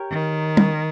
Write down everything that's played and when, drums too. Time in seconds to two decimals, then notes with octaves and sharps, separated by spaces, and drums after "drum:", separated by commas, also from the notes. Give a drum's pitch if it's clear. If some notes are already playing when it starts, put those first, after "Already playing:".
Already playing: G4 A#4 C#5
0.11 D#3
0.57 drum: tom